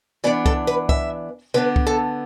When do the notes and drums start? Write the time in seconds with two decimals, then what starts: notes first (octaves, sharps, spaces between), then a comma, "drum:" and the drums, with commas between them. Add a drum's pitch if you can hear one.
0.24 E3 B3 D4 D5
0.46 A4, drum: kick C2
0.67 B4
0.89 E5, drum: kick C2
1.54 D3 B3 D4 B4
1.76 drum: kick C2
1.87 A4